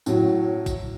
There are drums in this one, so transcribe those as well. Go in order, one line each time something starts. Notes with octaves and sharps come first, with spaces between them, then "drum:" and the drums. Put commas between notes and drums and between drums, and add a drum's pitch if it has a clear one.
A2 F#3, drum: tambourine
drum: kick A1, tambourine